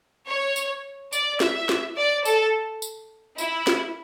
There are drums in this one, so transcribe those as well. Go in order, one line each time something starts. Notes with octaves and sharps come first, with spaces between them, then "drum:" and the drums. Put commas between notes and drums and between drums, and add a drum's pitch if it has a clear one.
C#5
drum: tambourine
D5, drum: tambourine
E5, drum: snare
drum: snare
D5
A4, drum: tambourine
drum: tambourine
E4, drum: tambourine
drum: snare